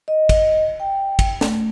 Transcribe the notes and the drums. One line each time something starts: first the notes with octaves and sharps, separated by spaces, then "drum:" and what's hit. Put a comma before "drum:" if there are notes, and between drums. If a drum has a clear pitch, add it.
D#5
drum: kick, cymbal
G5
drum: kick, cymbal
A3, drum: snare